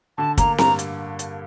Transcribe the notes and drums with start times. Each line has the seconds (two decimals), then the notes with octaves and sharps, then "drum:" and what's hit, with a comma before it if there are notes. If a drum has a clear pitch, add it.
0.18 D3 A5
0.38 A#3 A#5, drum: kick, hi-hat
0.58 G2 A#5, drum: snare C4
0.79 drum: hi-hat
1.19 drum: hi-hat